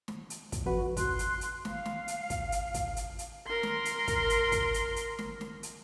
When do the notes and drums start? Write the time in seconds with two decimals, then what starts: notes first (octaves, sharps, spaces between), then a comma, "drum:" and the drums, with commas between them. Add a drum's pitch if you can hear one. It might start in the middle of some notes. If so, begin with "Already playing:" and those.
0.08 drum: snare
0.30 drum: hi-hat
0.52 drum: kick, hi-hat
0.66 F2 F#4 B4
0.97 C6 F#6, drum: kick, hi-hat
1.19 drum: hi-hat
1.41 drum: hi-hat
1.65 F5, drum: snare
1.86 drum: snare
2.08 drum: hi-hat
2.30 drum: kick, hi-hat
2.52 drum: hi-hat
2.74 drum: kick, hi-hat
2.97 drum: hi-hat
3.19 drum: hi-hat
3.47 A#4 C6
3.63 drum: snare
3.85 drum: hi-hat
4.08 drum: kick, hi-hat
4.30 drum: hi-hat
4.52 drum: kick, hi-hat
4.74 drum: hi-hat
4.96 drum: hi-hat
5.19 drum: snare
5.41 drum: snare
5.63 drum: hi-hat